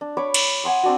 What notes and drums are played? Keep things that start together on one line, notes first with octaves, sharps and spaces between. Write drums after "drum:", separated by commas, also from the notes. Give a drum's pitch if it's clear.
D4
C#5 B5 C#6 D6
drum: cymbal
F#5 G#5 C6 D#6
C4 D4 F#4